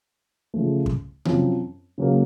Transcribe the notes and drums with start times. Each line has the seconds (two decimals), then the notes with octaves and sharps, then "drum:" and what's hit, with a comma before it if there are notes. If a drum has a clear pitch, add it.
0.54 C#3 F3 A3
0.86 drum: kick
1.25 F#2 F3 C4, drum: tom C3
1.98 C#3 F#3 A#3